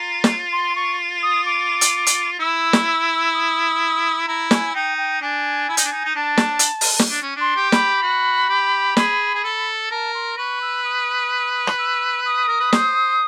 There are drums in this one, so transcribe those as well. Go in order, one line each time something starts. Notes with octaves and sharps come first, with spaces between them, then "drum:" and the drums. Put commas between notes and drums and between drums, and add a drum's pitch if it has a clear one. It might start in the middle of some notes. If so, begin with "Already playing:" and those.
Already playing: F4 A#5
drum: snare
C6
C#6
D#6
D6
drum: hi-hat
drum: hi-hat
E4 E6
drum: snare
E6
D#6
E4 A#5
G#5, drum: snare
D#4 G5
G5
D4 G#5
E4
D#4, drum: hi-hat
D4
D#4
D#4
D4 A5
drum: snare
drum: hi-hat
drum: open hi-hat
drum: snare
D4
C#4
D4 C6
G4
B5, drum: snare
F#4
G4
G#4, drum: snare
G#4
A4
A#4 A5
C6
B4 C#6
E6
D#6
drum: rim click
E6
D#6
A#4
B4
C5, drum: snare